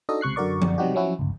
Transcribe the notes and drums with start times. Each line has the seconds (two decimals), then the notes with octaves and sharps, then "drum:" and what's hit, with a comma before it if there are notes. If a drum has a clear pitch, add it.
0.09 D4 D#4 F#4 A4 D#5
0.21 C#2 C3 C#6 F#6 C7
0.36 F#2 D3 F#4 A#4 D5 C#6
0.62 drum: tom F3
0.78 C3 F#3 G3 D#4 F#4 G4
0.94 F3 F#3 C#4 E4 F#4
1.19 G1 C#2